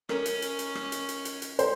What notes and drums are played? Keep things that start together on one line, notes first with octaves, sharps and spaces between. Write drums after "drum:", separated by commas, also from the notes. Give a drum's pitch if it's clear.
C#4 A#4, drum: rim click
drum: hi-hat
drum: hi-hat
drum: hi-hat
drum: rim click
drum: hi-hat
drum: hi-hat
drum: hi-hat
drum: hi-hat
C5, drum: hi-hat